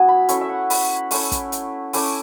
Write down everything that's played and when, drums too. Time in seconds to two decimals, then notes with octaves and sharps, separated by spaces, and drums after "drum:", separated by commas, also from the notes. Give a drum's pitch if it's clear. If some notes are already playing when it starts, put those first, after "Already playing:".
Already playing: F#3 B3 C#4 E4 G#5
0.08 B5
0.29 A3 C#4 E4 C#6, drum: hi-hat
0.41 E5
0.49 F#5
0.70 B5, drum: open hi-hat
1.11 A3 C#4 E4 C#6, drum: open hi-hat
1.32 drum: kick, hi-hat
1.52 drum: hi-hat
1.93 A3 C#4 E4 D6, drum: open hi-hat